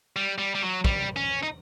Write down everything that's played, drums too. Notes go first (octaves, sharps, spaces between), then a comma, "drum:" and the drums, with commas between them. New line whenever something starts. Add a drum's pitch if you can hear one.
G3
G3
G3
F#3
G3, drum: kick
C#4
D#4